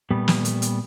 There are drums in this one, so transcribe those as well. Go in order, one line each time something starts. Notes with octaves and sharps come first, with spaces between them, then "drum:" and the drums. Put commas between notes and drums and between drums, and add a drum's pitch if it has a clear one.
A#2 G3 A3 B3
drum: snare
drum: hi-hat
drum: hi-hat